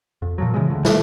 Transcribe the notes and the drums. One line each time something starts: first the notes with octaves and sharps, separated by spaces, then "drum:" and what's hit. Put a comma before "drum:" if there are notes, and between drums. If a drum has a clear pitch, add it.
F2
A#2 F3 F#3
C#3 E3 F3 G#3
D2 D3
D#3 G3, drum: snare